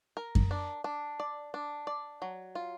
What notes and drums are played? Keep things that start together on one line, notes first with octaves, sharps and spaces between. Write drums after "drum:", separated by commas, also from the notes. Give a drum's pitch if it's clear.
A#4
drum: kick F#2
D4
D4
D5
D4
D5
F#3
F4